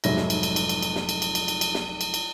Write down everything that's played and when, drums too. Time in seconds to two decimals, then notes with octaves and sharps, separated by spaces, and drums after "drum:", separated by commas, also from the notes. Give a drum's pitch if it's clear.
0.04 F1 G#2 F#3 E5 A#6, drum: cymbal
0.17 drum: snare
0.30 drum: cymbal
0.43 drum: cymbal
0.56 drum: cymbal
0.69 drum: cymbal
0.82 drum: cymbal
0.96 drum: snare
1.09 drum: cymbal
1.22 drum: cymbal
1.35 drum: cymbal
1.48 drum: cymbal
1.61 drum: cymbal
1.74 drum: snare
2.01 drum: cymbal
2.14 drum: cymbal